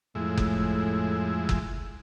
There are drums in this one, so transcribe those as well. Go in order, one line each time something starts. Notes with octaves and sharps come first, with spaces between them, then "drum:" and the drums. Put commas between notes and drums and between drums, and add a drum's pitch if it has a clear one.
F2 A2 G#3 E4
drum: kick F#1
drum: kick F#1